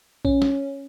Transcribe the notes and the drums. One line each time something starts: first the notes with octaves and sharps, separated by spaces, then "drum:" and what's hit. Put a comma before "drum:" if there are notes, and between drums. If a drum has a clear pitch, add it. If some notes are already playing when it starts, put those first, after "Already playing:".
C#4, drum: kick A#1
drum: snare